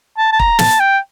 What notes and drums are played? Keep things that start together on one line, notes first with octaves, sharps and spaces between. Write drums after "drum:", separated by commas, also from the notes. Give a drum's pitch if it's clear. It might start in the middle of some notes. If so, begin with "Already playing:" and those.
A5
A5
A#5, drum: kick
A5, drum: snare
G5